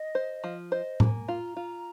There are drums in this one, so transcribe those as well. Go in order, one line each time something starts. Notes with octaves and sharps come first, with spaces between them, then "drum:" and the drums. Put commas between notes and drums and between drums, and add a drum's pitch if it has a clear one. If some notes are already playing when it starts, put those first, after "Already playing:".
Already playing: D#5
C5
F3
C5 D#5
A#3 G#5, drum: tom A2
F4 A#5
F4